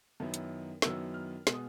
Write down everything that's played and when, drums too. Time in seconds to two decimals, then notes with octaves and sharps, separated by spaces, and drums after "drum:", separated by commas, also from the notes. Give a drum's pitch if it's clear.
0.20 F#2 D#3 F#3 B3 E4
0.34 drum: hi-hat
0.82 F#2 D#3 F#3 B3 E4 E6, drum: snare
1.14 F6
1.47 B2 G#3 B3, drum: snare
1.53 D#6